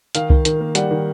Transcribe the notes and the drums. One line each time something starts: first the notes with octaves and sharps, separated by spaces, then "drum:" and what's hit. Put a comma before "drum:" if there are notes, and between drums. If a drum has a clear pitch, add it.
D#3 F5, drum: hi-hat
D#3, drum: kick C2
D#3, drum: hi-hat
A#3
G3 F#5, drum: hi-hat
D#3